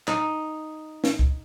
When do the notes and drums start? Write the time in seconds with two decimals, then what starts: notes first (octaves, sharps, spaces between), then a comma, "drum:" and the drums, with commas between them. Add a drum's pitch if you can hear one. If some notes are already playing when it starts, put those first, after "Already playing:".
0.08 D#4, drum: clap
1.04 drum: snare
1.19 drum: kick